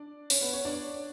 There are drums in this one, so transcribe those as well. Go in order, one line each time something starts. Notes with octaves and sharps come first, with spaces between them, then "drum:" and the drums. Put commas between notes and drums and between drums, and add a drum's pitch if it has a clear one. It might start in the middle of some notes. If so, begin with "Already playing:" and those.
Already playing: D4 D5
C#4 C#5, drum: open hi-hat
B3 B4
C#4 C#5
D4 D5